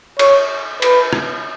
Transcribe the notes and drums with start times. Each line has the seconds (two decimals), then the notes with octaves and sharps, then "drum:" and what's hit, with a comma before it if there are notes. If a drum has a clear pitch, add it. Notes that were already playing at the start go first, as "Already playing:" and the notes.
0.19 C#5, drum: cymbal
0.82 B4, drum: cymbal
1.13 drum: rim click